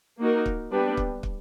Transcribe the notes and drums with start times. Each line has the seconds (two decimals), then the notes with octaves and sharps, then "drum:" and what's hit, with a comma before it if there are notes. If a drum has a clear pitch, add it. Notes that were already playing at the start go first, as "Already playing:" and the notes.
0.19 A#3 D#4 F#4 A#4
0.46 drum: kick
0.71 G3 B3 D4 G4 B4
0.97 drum: kick
1.23 drum: kick